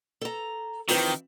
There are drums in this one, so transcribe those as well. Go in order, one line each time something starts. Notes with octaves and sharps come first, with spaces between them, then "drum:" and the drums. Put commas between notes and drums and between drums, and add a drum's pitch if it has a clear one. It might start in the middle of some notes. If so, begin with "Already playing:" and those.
A4 A#5
F2 D#3 E3 C4, drum: open hi-hat